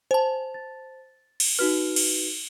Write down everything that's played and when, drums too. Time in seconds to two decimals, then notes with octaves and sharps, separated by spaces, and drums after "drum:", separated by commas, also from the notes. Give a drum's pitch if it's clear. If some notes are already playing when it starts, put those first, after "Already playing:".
0.11 C5 G#5 A5
0.54 A6
1.40 drum: cymbal
1.59 D#4 F#4 B4 F6
1.96 drum: cymbal